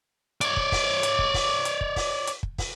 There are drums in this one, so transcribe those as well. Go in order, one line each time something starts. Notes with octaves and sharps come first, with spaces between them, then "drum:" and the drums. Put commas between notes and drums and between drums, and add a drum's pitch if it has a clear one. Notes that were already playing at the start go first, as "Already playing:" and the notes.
C#5 D5, drum: hi-hat
drum: kick
drum: kick, open hi-hat
drum: hi-hat
drum: kick
drum: kick, open hi-hat
drum: hi-hat
drum: kick
drum: kick, open hi-hat
drum: hi-hat
drum: kick
drum: kick, open hi-hat